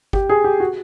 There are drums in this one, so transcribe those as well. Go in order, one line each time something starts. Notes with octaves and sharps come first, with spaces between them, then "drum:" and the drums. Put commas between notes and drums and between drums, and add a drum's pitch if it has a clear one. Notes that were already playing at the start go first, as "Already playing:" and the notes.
G4, drum: kick G1
G#4
G4
F#4